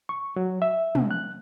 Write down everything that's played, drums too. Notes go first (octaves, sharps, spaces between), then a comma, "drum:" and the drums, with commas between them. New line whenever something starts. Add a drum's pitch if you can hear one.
C#6
F#3
E5
C3, drum: tom
F#6